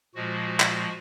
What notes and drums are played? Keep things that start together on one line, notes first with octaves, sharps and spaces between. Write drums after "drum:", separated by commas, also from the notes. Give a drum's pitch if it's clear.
A#2 F3 G#3 F#4
drum: clap